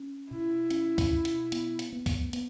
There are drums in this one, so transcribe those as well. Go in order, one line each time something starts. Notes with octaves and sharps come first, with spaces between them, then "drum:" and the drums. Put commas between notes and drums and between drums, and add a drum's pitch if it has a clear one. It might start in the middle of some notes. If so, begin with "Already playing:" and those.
Already playing: C#4
B2 E4
C#4, drum: hi-hat
drum: kick C#2, open hi-hat
B2
drum: hi-hat
B3, drum: hi-hat
drum: hi-hat
B3
drum: kick C#2, open hi-hat
B3, drum: hi-hat